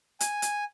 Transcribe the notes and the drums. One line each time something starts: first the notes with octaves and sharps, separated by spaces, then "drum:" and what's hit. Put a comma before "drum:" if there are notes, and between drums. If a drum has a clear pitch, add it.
G#5, drum: hi-hat
drum: hi-hat